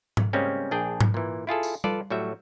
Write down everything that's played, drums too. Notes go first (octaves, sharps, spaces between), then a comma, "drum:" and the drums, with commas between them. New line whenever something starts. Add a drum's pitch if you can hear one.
drum: tom G#2
C#3 G3 G#3 A#3 C4 C#4
A#1 D4 G#4 G5
drum: tom G#2
A#2 E3
E4 F4 G#4 A4
drum: tambourine
F4 A4 B4 D5, drum: tom G3
A2 F#3 G3 F#4 E5